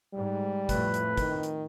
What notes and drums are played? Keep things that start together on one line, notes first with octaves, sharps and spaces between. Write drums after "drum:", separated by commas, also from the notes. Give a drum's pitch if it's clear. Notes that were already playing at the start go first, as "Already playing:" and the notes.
G#2 G3
F2 A2 A3 B4, drum: kick, hi-hat
drum: hi-hat
D#3, drum: kick, hi-hat
drum: hi-hat